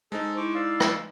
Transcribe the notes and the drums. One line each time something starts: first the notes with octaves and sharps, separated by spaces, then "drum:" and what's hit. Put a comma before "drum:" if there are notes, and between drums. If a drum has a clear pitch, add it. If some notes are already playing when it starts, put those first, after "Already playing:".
G#3 D#4 A4 C5
E4 C5 C#6 D6
D5 F5 E6
drum: rim click